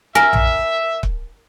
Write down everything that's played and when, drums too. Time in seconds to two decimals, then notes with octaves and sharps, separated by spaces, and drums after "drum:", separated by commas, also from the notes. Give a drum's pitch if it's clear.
0.15 A#4 E5 G#5
0.33 drum: tom A#1
1.03 drum: kick